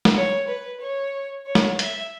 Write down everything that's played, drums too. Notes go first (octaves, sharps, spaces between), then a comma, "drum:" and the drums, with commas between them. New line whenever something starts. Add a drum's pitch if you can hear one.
drum: snare
C#5
B4
C#5
C#5
drum: snare
E5, drum: hi-hat